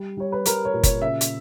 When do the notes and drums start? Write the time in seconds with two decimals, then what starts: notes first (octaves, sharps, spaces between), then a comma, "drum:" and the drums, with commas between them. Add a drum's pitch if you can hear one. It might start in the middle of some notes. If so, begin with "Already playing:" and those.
Already playing: G3
0.17 G3 C#5
0.32 B4
0.45 G3 A#4, drum: hi-hat
0.65 C#5
0.74 A#2
0.83 C#5, drum: kick, hi-hat
1.02 C#3 E5
1.21 drum: hi-hat